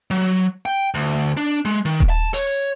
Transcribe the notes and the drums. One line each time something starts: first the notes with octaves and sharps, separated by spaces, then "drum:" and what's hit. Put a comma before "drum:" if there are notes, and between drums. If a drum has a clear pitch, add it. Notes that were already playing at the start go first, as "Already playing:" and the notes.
F#3
G5
D2
D4
G#3
D#3
drum: kick D#1
A5
C#5, drum: open hi-hat